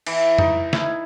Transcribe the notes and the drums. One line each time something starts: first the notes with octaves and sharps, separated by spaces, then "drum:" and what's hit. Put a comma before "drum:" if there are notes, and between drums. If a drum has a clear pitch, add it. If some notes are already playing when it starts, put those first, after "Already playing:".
E3, drum: cymbal
D#4, drum: tom F2
E4, drum: snare